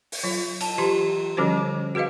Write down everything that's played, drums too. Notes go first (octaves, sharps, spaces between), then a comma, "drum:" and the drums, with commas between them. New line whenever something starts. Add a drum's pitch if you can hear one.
drum: open hi-hat
F#3 F4
A5, drum: cymbal
E3 F4 G4 A#5 C6
D3 F3 G3 C#4 F#4 C5
F#4 G#4 B4 D#5 F5